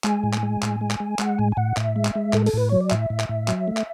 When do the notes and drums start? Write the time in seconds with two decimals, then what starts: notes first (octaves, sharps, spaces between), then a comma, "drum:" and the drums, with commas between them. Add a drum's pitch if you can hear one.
0.04 G#3 G#5, drum: clap
0.24 A2
0.33 drum: clap
0.43 G#3
0.63 A2, drum: clap
0.81 G#3
0.91 drum: clap
1.00 G#3
1.19 G#3 F#5, drum: clap
1.38 A2 G#5
1.52 G#5
1.57 A2 F#5
1.77 A2 E5, drum: clap
1.96 G#3
2.05 drum: clap
2.15 G#3
2.33 A2 A4, drum: clap
2.46 A4, drum: open hi-hat
2.53 A2 B4
2.69 F#3 C#5
2.81 D5
2.90 A2 E5, drum: clap
3.10 A2
3.20 drum: clap
3.29 A2
3.48 F#3, drum: clap
3.68 A3
3.77 drum: clap